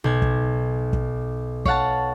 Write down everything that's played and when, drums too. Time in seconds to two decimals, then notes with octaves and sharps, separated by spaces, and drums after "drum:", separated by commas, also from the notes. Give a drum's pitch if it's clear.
0.04 B1 G#6
0.22 drum: kick
0.93 drum: kick
1.65 C#5 F5 F#5 A5, drum: kick